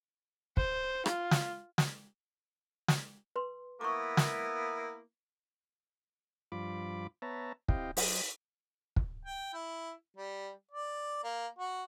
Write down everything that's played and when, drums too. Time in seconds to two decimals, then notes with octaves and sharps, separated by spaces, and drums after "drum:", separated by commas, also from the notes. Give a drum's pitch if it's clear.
0.57 C5, drum: kick
1.06 F4, drum: rim click
1.31 drum: snare
1.78 drum: snare
2.88 drum: snare
3.36 B4 C6
3.81 A#3 B3 E4 C#6 D6
4.17 drum: snare
6.52 G2 F3 F4 B5 D6
7.22 B3 B4 C#5 E5 A5 A#5
7.68 C4 E4 G4 D#5 F5 G5, drum: kick
7.97 F#3 C5 D#5, drum: open hi-hat
8.96 drum: kick
9.25 G5
9.53 E4
10.16 G3
10.71 D5
11.24 A#3
11.58 F#4